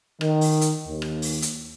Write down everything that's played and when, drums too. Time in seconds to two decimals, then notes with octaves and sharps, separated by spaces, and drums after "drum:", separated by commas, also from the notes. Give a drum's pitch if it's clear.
0.21 D#3, drum: rim click
0.41 drum: open hi-hat
0.61 drum: hi-hat
0.87 D#2
1.02 drum: rim click
1.22 drum: open hi-hat
1.42 drum: hi-hat